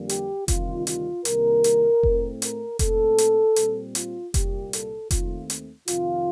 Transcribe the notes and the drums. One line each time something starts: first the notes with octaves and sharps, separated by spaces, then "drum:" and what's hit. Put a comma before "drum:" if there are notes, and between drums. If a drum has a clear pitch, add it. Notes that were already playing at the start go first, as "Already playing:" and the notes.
Already playing: F2 D3 G3 A#3
G4, drum: hi-hat
D2 C3 D#3 G3 F4, drum: kick F1, hi-hat
F4, drum: hi-hat
C2 C3 D#3 G3 A#3 A#4, drum: hi-hat
drum: hi-hat
A2 A3 C4, drum: kick F1
A#4, drum: hi-hat
A#2 A3 C4 A4, drum: kick F1, hi-hat
drum: hi-hat
A#2 G3 C4, drum: hi-hat
F4, drum: hi-hat
C2 A#2 G3 A#3 G4, drum: kick F1, hi-hat
A4, drum: hi-hat
D#2 D#3 A3 C4 F4, drum: kick F1, hi-hat
drum: hi-hat
F2 C3 D#3 F4, drum: hi-hat